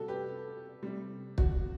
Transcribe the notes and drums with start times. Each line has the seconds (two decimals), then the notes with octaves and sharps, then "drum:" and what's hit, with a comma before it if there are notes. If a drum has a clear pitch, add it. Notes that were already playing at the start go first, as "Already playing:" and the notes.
Already playing: C3 G3 F#4 A4
0.08 G4 B4
0.83 C3 G3
1.38 F#4, drum: kick